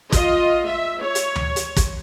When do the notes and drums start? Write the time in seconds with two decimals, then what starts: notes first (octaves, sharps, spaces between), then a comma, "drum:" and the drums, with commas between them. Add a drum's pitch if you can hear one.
0.12 F4 D#5, drum: kick, hi-hat
0.68 E5
1.03 C#5
1.15 drum: hi-hat
1.36 drum: tom D2
1.56 drum: hi-hat
1.77 drum: kick, hi-hat